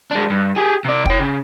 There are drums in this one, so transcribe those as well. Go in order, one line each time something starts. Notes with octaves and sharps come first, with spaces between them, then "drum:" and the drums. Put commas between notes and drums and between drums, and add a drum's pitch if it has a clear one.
G#3 D4
G2
G4 G#4
C3 D5
C#5 G5, drum: kick
C#3